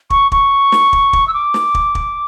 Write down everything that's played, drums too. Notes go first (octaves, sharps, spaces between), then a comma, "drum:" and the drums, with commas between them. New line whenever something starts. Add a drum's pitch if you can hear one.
C#6, drum: kick
C#6, drum: kick
drum: snare
drum: kick
drum: kick
E6
D6
drum: snare
drum: kick
drum: kick